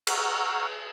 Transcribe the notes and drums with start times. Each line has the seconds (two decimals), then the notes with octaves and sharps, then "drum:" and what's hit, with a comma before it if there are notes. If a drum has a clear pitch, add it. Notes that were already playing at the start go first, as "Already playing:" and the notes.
0.07 F#5 A#5 C#6 E6 F6, drum: cymbal